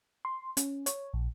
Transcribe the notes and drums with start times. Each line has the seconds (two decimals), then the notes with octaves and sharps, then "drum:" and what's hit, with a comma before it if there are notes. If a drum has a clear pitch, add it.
0.25 C6
0.57 C#4, drum: hi-hat
0.86 C#5, drum: hi-hat
1.13 A#1